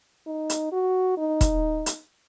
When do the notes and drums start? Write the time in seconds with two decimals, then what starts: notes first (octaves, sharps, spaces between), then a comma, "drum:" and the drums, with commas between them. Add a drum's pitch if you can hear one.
0.27 D#4
0.50 drum: hi-hat
0.72 F#4
1.18 D#4
1.41 drum: kick E1, hi-hat
1.86 drum: hi-hat